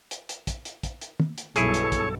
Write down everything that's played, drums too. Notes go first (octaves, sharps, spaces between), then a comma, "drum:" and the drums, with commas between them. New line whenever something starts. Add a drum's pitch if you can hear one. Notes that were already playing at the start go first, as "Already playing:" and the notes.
drum: hi-hat
drum: hi-hat
drum: kick, hi-hat
drum: hi-hat
drum: kick, hi-hat
drum: hi-hat
drum: tom
drum: hi-hat
B1 G2 B2 E4 G#4 A4 C#5, drum: hi-hat
drum: hi-hat
drum: kick, hi-hat